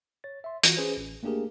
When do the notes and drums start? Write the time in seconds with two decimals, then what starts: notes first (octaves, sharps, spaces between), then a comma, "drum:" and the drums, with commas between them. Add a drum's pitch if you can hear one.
0.24 C#5 A6
0.44 E5 C6
0.64 E3 F4 F#4, drum: hi-hat
0.77 C#4 G#4 B4 C5
0.97 A1
1.23 A3 A#3 D4 G4 G#4 A#4